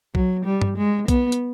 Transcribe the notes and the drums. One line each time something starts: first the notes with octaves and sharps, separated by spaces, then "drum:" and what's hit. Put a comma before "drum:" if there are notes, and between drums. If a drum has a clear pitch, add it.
F#3, drum: kick B1
G3
drum: tom G2
G#3
B3, drum: kick B1, hi-hat
drum: hi-hat